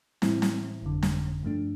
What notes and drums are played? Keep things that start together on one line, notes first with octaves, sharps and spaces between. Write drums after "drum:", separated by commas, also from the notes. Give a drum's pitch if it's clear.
A2 E3 G3 C4 E4, drum: snare
drum: snare
G1 F2 D3
drum: snare
G2 F3 A3 D4